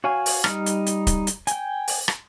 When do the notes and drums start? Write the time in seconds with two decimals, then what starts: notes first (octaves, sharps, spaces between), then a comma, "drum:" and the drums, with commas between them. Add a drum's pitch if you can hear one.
0.04 F#4 C#5 F5 G#5
0.26 drum: open hi-hat
0.44 G3 D#4 F6, drum: rim click
0.66 drum: hi-hat
0.86 drum: hi-hat
1.07 drum: kick D1, hi-hat
1.27 drum: hi-hat
1.47 G5 G#5, drum: hi-hat
1.88 drum: open hi-hat
2.08 drum: rim click